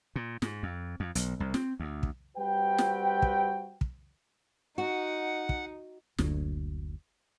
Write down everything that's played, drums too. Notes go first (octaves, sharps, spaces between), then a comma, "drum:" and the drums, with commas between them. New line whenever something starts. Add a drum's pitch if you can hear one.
A#2
G#2, drum: snare
F2
F2
B1, drum: hi-hat
C2
C4, drum: snare
D2
drum: kick
G3 C4 F#4 B4 G5
drum: snare
drum: kick
drum: kick
D#4 F#4 F#5
drum: kick
F#1 D2, drum: snare